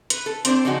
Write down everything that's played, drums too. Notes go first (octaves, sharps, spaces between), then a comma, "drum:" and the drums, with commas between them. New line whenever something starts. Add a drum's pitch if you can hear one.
B4, drum: hi-hat
A4
C4 D4 C5 D5, drum: hi-hat
C#3 F3 C#4 D#4 F#4